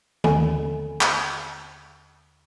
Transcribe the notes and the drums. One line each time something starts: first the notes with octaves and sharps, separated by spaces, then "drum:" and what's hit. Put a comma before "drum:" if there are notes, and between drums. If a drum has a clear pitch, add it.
D#2 D3 A4 G#5, drum: tom
drum: clap